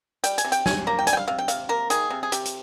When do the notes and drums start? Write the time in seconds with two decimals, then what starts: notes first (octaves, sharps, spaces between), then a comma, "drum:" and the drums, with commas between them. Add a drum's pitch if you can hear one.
0.24 G3 G5, drum: hi-hat
0.38 G#5, drum: hi-hat
0.44 C3
0.52 G5, drum: hi-hat
0.66 C3 G#5, drum: snare
0.87 A#3 A#5
0.99 G5
1.07 G3 G#5, drum: hi-hat
1.13 G5
1.17 F5
1.28 C3 F5
1.38 G5
1.48 C3 F5, drum: hi-hat
1.69 A#3 A#4
1.90 D#3 G#4, drum: hi-hat
2.10 C3
2.23 G#4
2.32 C3 G4, drum: hi-hat
2.45 drum: hi-hat